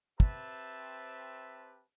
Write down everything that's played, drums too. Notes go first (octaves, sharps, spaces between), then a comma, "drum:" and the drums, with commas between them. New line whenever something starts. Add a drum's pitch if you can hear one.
C4 G4 B4 C5 E5 A5, drum: kick